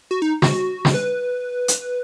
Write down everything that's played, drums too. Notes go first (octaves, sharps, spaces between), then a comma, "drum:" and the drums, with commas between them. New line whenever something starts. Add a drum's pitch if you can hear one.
F#4
D#4
F#4, drum: snare
drum: snare
B4
drum: hi-hat